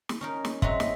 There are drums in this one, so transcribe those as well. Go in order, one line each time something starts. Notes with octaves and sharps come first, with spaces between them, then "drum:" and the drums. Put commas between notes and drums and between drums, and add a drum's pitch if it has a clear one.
drum: snare
C#4 D#4 A#4
drum: snare
F#3 G#3 C4 D#5 E5, drum: kick
drum: snare